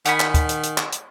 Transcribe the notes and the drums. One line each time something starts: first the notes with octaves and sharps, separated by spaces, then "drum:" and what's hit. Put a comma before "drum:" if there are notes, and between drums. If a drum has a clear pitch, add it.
D#3 F#5 G#5 B5, drum: hi-hat
drum: clap
drum: kick, hi-hat
drum: hi-hat
drum: hi-hat
drum: clap
drum: hi-hat